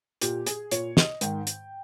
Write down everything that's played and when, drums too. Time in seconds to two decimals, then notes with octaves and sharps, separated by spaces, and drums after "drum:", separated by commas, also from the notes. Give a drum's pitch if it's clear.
0.21 A#2 G4, drum: hi-hat
0.46 G#4, drum: hi-hat
0.71 A#2 C#5, drum: hi-hat
0.97 D#5, drum: snare
1.21 G#2 D#3 G5, drum: hi-hat
1.47 drum: hi-hat